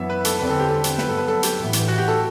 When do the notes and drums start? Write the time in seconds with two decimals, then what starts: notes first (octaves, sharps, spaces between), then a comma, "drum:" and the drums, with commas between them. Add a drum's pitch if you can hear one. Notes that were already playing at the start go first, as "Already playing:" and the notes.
Already playing: F#2 E3 B3 E5
0.10 B4
0.25 A4, drum: hi-hat
0.39 E2 D3 G3 C4 B4
0.50 A4
0.60 G4
0.69 A4
0.84 drum: hi-hat
0.98 G2 F#3 B3 B4, drum: snare
1.09 A4
1.18 B4
1.28 A4
1.43 G4, drum: hi-hat
1.58 A2 E3 B3
1.73 drum: hi-hat
1.88 F#4
1.98 G4
2.08 A4